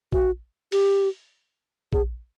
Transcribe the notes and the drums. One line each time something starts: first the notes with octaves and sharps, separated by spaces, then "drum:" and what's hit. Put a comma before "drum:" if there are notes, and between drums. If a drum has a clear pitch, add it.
F#4, drum: kick A#1
G4, drum: open hi-hat
G#4, drum: kick A#1